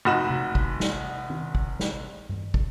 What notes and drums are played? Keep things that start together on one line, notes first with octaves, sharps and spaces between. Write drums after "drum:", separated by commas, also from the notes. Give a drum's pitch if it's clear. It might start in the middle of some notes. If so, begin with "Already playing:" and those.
F1 D#4 F#4 F#5 B5 E7
drum: tom C3
drum: kick
drum: snare
drum: tom
drum: kick
drum: snare
drum: tom G2
drum: kick